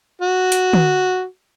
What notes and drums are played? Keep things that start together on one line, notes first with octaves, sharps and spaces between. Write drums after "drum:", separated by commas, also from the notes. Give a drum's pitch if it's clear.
F#4
drum: hi-hat
drum: tom